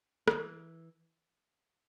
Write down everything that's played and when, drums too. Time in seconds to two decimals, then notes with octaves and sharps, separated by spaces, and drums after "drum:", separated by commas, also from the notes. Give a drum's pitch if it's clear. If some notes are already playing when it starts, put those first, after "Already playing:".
0.28 D#3, drum: rim click
0.39 E3